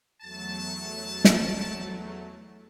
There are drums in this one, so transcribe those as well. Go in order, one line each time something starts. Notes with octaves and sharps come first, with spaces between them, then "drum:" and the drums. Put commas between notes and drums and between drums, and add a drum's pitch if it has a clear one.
E2 F#3 A3 A5
drum: snare